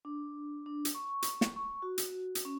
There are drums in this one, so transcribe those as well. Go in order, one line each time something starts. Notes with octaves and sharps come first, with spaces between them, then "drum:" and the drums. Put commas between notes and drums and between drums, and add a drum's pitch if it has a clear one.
D4
D4
drum: hi-hat
C#6
drum: hi-hat
drum: snare
C#6
F#4
drum: hi-hat
drum: hi-hat
C#4